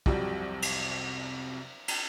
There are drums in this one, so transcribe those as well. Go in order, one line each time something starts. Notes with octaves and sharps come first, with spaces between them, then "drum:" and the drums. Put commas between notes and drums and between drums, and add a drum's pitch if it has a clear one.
C2 F2 C3 F#3 G3, drum: kick
drum: cymbal
drum: cymbal